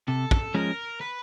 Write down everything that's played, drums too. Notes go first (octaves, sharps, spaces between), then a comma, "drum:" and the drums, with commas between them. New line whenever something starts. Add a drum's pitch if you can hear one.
C3 A4
drum: kick
F3 G#3 C#4 A#4
B4